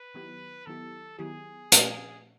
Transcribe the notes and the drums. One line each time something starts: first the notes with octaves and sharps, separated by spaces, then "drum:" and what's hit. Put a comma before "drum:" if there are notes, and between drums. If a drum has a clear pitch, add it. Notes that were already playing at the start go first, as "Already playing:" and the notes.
Already playing: B4
D#3 F#3 B3 E4 G4
D#3 F#3 B3 E4 G4 A4
D#3 F#3 B3 E4 G4 G#4
A#2 F3 A3, drum: hi-hat